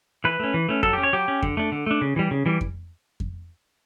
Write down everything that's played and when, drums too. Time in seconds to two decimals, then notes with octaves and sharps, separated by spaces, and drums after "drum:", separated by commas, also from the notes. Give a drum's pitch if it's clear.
0.24 E3 B4
0.40 A3 C#4
0.54 E3
0.69 A3 C#4
0.83 F#3 A4, drum: kick F2
0.93 C#4 G4
1.03 C#5
1.13 F#3 G4
1.28 C#4
1.43 D3, drum: kick F2
1.57 A3 D4
1.72 D3
1.86 A3 D4
2.01 C#3
2.16 E3 G3
2.31 C#3
2.46 E3 G3
2.61 drum: kick F2
3.20 drum: kick F2